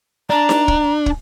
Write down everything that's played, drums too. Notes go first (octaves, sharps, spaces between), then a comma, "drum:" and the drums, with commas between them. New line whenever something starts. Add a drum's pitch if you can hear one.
D4 A#5
drum: snare D#4
drum: kick
drum: kick